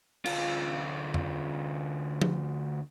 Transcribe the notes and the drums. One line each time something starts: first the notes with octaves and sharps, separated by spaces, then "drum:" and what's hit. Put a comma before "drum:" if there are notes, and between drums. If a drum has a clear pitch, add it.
D2 F4, drum: cymbal
drum: tom
drum: tom F3